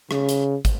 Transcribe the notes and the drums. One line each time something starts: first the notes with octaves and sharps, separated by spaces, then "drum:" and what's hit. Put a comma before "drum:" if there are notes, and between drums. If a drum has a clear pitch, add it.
C#3, drum: rim click
drum: hi-hat
drum: kick, hi-hat